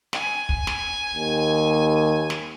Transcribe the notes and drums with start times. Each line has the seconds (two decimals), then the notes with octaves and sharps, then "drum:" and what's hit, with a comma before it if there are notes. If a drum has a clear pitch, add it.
0.13 G#5, drum: snare
0.49 drum: kick
0.67 drum: snare
1.15 D#2
2.30 drum: snare